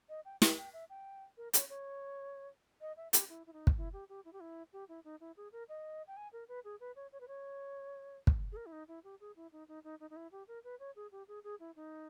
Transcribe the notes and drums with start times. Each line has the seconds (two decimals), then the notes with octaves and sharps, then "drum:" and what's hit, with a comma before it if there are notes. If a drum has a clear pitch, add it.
0.09 D#5
0.25 G5
0.42 G5, drum: snare
0.58 G5
0.73 E5
0.90 G5
1.37 A#4
1.53 C#5, drum: hi-hat
1.70 C#5
2.81 D#5
2.97 E5
3.13 G4, drum: hi-hat
3.29 E4
3.47 E4
3.53 D#4
3.67 drum: kick
3.77 E4
3.93 G4
4.09 G4
4.25 E4
4.33 G4
4.40 E4
4.73 G4
4.89 E4
5.05 D#4
5.20 E4
5.37 G#4
5.52 A#4
5.69 D#5
6.07 G5
6.17 G#5
6.33 A#4
6.48 B4
6.65 G#4
6.80 B4
6.96 C#5
7.12 C#5
7.21 B4
7.28 C#5
8.27 drum: kick
8.52 G#4
8.56 A#4
8.66 E4
8.72 D#4
8.88 E4
9.04 G4
9.20 G#4
9.36 E4
9.52 D#4
9.68 D#4
9.84 D#4
10.00 D#4
10.10 D#4
10.16 E4
10.32 G4
10.48 A#4
10.64 B4
10.80 C#5
10.96 G#4
11.12 G4
11.28 G#4
11.44 G#4
11.60 E4
11.76 D#4